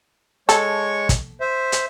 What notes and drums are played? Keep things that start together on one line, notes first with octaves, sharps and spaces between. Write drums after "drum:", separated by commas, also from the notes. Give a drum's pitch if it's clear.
G#3 A4 C#5 C#6, drum: hi-hat
drum: kick, hi-hat
C5 E5
drum: hi-hat